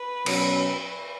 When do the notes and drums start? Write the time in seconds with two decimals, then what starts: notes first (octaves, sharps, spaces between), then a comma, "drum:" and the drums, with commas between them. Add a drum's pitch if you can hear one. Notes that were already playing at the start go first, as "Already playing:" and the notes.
Already playing: B4
0.26 B2 F#3 C#4, drum: cymbal
0.86 B4